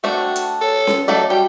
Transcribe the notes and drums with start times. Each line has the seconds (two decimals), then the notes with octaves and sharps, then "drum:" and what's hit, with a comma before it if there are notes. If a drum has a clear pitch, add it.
0.04 A3 C4 D4 F#4
0.36 drum: hi-hat
0.61 A4 C#5
0.87 drum: snare C#4
1.08 F#3 A3 A4 D5 D#5
1.30 G3 F#4 G5